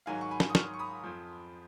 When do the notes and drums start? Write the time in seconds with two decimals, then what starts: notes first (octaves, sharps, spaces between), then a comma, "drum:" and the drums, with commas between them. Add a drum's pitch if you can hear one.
0.06 G#2 D#3 F#3 F5 G#5
0.21 C#6
0.31 G#5 B5
0.40 drum: snare
0.50 D#6
0.55 C#6 F6, drum: snare
0.74 C#6
0.79 B5 D#6
1.04 F2 F3